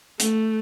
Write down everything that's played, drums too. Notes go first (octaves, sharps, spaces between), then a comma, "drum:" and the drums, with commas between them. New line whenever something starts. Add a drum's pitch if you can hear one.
A3, drum: hi-hat